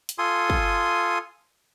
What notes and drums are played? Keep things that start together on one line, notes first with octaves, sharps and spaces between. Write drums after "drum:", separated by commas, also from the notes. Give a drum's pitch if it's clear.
drum: hi-hat
F4 A4 G#5 C6 D#6
drum: kick